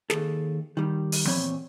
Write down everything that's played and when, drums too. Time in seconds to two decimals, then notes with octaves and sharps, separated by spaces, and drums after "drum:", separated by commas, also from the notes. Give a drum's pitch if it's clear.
0.10 D#2 C#3 G#4 A4, drum: snare
0.77 D#3 G3
1.12 drum: open hi-hat
1.25 E2 A#2 C4 C#5 B5, drum: tom F3